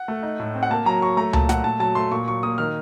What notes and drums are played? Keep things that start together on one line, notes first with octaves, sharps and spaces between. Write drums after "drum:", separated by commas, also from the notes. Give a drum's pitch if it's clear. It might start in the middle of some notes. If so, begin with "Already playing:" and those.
Already playing: F#5
A3
D#4
A2
C4
F#5
A#3 A5
F#3 A#5
F#3 C#6
A3 A#5
A#2 A5, drum: tom C#2
A3 F#5, drum: snare
A#2 A5
F#3 A5
A3 C6
A#2 C#6
F#3 C#6
A#3 D#6
D#3 F6